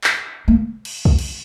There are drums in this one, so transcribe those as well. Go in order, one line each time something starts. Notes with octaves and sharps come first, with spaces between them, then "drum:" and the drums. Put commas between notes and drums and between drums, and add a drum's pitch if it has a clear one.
drum: clap
A#3
drum: cymbal
drum: kick
drum: cymbal